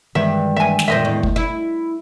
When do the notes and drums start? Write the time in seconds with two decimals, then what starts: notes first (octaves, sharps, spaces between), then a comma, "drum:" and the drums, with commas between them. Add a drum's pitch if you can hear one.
0.15 G2 D#3 E3 G#3 E5
0.56 E5 G#5
0.79 drum: snare
0.88 F2 A#2 C5 D#5 E5
1.05 E2 A2
1.23 drum: kick
1.36 E4